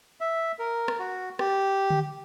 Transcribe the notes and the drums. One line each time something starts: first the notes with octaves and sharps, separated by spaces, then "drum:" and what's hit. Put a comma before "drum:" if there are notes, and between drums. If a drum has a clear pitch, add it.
E5
A#4
drum: rim click
F#4
G4, drum: rim click
drum: tom D3